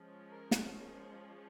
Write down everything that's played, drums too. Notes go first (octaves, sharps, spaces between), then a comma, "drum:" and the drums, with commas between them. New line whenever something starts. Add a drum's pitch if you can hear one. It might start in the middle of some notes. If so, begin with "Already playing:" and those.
Already playing: F3 G#3 C#4
A#4
drum: snare
A#4